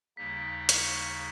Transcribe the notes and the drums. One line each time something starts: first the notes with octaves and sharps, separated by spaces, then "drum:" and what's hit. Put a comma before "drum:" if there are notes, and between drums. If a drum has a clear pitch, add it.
D#2 C#3 G3 A#3 D#4 B6
B6
B6
C#6 C#7, drum: hi-hat